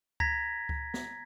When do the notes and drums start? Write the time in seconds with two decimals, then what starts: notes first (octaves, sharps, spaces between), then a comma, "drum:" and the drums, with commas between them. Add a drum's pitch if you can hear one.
0.20 A#5 G#6 A#6 B6, drum: kick C#2
0.69 drum: kick C#2
0.94 drum: snare